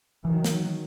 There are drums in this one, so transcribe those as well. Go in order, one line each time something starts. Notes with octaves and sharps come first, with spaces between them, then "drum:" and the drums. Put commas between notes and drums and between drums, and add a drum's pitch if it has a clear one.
D#3 E3 F#3
drum: snare